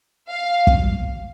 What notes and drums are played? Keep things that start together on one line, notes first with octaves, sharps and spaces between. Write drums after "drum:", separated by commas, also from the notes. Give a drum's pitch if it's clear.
F5
drum: kick